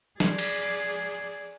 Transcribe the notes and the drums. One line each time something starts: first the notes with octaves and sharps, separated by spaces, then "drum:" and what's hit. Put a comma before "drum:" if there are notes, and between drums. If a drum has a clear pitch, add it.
G#4 D5, drum: snare
drum: cymbal